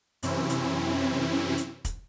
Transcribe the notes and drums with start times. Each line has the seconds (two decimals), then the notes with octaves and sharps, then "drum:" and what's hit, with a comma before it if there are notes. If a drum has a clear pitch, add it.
0.23 F#2 C3 E3 C4 C#4 E4, drum: hi-hat
0.50 drum: hi-hat
1.58 drum: hi-hat
1.85 drum: kick, hi-hat